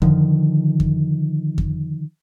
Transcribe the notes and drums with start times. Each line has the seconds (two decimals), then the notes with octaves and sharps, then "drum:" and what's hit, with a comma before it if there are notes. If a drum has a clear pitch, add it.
0.02 D3 D#3 F3, drum: kick F2
0.80 drum: kick F2
1.58 drum: kick F2